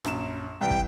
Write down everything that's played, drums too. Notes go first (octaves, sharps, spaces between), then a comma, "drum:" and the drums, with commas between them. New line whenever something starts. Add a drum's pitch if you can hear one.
A#1 F#2 E7, drum: rim click
C2 E3 G3 G5
drum: kick